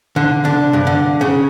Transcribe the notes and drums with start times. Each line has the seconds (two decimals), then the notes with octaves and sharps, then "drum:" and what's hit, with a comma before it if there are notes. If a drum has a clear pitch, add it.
0.16 D3
0.45 D4, drum: tom
0.73 G2
0.87 D3
1.21 C#3